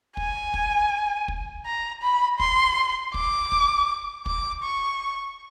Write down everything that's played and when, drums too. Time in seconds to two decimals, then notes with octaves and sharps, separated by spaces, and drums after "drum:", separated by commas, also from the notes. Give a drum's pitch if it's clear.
0.17 G#5, drum: kick
0.54 drum: kick
1.28 drum: kick
1.66 A#5
2.02 B5
2.40 C6, drum: kick
3.14 D6, drum: kick
3.52 drum: kick
4.26 D6, drum: kick
4.63 C#6